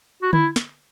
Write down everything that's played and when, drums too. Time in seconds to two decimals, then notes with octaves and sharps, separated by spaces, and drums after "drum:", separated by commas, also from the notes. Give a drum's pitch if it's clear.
0.22 F#4
0.33 E4, drum: tom D3
0.56 drum: snare